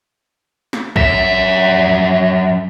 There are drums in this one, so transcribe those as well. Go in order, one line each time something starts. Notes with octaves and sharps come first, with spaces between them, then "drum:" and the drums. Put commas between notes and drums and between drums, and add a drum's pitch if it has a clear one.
drum: snare
F#2 E5, drum: kick